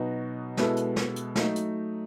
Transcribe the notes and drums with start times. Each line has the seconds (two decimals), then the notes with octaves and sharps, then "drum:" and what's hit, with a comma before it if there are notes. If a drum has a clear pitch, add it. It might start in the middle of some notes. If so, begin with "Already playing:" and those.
Already playing: B2 F#3 B3 D#4 F#4
0.57 B2 G#3 B3 E4 A4, drum: snare
0.76 drum: hi-hat
0.96 drum: snare
1.16 drum: hi-hat
1.35 F#3 A3 D#4, drum: snare
1.56 drum: hi-hat